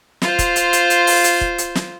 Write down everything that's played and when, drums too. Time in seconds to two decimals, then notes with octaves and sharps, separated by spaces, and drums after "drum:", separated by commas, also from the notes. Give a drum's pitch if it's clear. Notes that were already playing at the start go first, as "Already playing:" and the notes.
0.22 F4 C5, drum: snare
0.39 drum: kick, hi-hat
0.56 drum: hi-hat
0.73 drum: hi-hat
0.90 drum: hi-hat
1.07 drum: open hi-hat
1.24 drum: hi-hat
1.41 drum: kick
1.58 drum: hi-hat
1.75 drum: snare